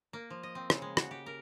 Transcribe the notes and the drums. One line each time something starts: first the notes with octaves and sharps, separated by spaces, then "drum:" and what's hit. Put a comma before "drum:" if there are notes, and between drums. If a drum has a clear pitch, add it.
A#3
F3
D#5
C4
C#3, drum: rim click
G#3
F#4, drum: rim click
G4
A#4